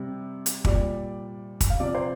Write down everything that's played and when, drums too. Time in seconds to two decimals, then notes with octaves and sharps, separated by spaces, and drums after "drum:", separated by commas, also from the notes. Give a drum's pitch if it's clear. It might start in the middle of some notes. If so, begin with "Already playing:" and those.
Already playing: C3 G3
0.46 drum: hi-hat
0.65 A#2 G3 D5, drum: kick
1.61 drum: kick, hi-hat
1.70 F5
1.80 C3 F3 D5
1.95 C5